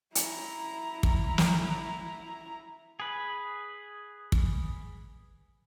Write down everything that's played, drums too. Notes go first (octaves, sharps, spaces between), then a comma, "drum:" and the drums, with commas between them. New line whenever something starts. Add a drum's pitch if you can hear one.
E4 A#5, drum: hi-hat
drum: kick
drum: snare
G#4 B4
drum: kick